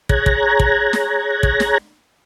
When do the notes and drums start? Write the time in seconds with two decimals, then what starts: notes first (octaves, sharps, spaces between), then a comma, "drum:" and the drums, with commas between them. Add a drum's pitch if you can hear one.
0.09 G#4 C#5 A#5 F#6 G#6 A#6, drum: kick
0.26 drum: kick
0.60 drum: kick
0.93 drum: snare
1.43 drum: kick
1.60 drum: snare